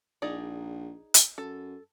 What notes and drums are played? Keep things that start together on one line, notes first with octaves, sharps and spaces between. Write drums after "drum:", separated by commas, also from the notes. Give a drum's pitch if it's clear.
A#1 D#4 G#4 D5
drum: hi-hat
F#2 A4